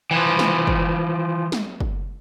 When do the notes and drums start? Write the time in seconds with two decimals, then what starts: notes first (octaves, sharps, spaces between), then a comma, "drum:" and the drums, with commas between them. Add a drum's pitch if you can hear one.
0.11 E3 F3
0.39 drum: snare
0.67 drum: kick
1.52 drum: snare
1.80 drum: kick